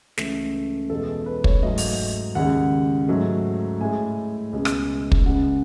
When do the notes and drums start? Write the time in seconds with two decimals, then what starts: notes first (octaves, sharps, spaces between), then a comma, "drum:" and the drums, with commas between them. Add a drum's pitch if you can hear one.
0.17 C#2 C#3 E3 A3 A4, drum: snare
0.90 E2 B2 G#3 A4
1.26 B4
1.44 C#5, drum: kick
1.62 G#2 F#3 A3 D#5
1.78 drum: open hi-hat
2.35 D#2 C#3 G#3 F#5
3.08 G#2 F#3 A3
3.81 A2 G#3 G#5
4.53 C#2 B2 G#3
4.65 drum: rim click
5.12 drum: kick
5.25 C#2 C#3 G#3 F#5